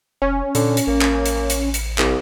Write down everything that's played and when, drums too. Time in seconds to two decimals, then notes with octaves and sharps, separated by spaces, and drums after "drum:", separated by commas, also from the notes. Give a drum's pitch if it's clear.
0.22 F1 C#4
0.55 A#2 D3, drum: hi-hat
0.77 drum: hi-hat
0.87 A1 A#3
1.01 drum: clap
1.26 drum: hi-hat
1.50 drum: hi-hat
1.74 drum: hi-hat
1.98 C2, drum: clap